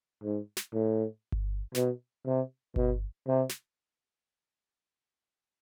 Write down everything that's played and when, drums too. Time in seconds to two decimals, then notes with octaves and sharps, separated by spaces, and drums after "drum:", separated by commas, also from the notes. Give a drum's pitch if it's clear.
0.23 G#2
0.57 drum: snare
0.74 A2
1.32 drum: kick G1
1.75 B2, drum: snare
2.26 C3
2.76 B2, drum: kick G1
3.27 C3
3.49 drum: snare